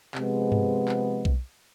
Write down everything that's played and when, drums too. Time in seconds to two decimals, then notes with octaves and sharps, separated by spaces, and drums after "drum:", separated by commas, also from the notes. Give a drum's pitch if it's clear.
0.15 C3 F3 G#3 B3, drum: clap
0.52 drum: tom G2
0.88 drum: clap
1.25 drum: kick B1